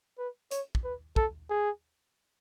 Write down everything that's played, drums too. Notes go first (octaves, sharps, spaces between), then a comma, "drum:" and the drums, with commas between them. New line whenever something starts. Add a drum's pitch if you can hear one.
B4
C#5, drum: hi-hat
drum: kick
B4
A4, drum: kick
G#4